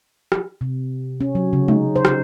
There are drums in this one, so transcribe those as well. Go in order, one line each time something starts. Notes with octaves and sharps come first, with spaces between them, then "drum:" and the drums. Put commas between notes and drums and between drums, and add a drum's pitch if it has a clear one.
drum: rim click
C3
C#4
F#3
C#3
D#4, drum: tom G#3
C5
drum: rim click